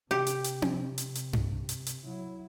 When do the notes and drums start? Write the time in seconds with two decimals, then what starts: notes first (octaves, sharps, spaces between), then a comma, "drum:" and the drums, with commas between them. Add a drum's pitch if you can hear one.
0.11 C3 G4
0.27 drum: hi-hat
0.44 drum: hi-hat
0.62 drum: tom C4
0.98 drum: hi-hat
1.15 drum: hi-hat
1.33 drum: tom G2
1.69 drum: hi-hat
1.86 drum: hi-hat
2.04 F#3 E4